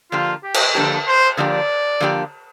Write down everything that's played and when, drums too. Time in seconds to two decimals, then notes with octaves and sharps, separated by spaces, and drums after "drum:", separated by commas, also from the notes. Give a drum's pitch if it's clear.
0.12 D3 F3 A#3 D4 F4 G4
0.44 G4
0.54 drum: cymbal
0.75 D3 F3 A#3 D4 G4 A4
1.07 C5
1.37 D3 F3 A#3 D4 G4 D5
2.00 D3 F3 A#3 D4 G4